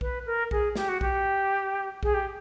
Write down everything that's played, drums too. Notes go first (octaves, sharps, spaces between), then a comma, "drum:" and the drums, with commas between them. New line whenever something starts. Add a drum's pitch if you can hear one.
B4, drum: kick A#1
A#4
G#4, drum: kick A#1
G4, drum: snare
F#4
G4, drum: kick A#1
G#4, drum: kick A#1
G4